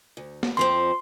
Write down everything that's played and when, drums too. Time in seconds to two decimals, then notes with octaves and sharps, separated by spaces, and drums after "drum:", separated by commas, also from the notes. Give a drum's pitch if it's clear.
0.17 D2
0.43 drum: snare
0.57 F2 F3 C4 C6